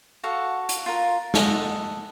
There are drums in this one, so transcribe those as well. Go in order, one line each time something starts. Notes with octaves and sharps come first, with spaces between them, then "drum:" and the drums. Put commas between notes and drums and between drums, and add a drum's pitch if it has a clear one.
F#4 A4 F5 F#5
drum: hi-hat
F4 A#4
A4 D#5 F#5, drum: snare